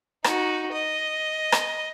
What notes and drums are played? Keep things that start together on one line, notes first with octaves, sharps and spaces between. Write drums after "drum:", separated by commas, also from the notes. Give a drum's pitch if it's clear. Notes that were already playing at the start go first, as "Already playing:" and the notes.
D#4 F#4, drum: rim click
D#5
drum: rim click